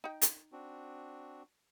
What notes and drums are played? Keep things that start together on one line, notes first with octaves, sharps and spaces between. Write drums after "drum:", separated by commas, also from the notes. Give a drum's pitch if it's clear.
D#4 G5
drum: hi-hat
C4 D4 F#4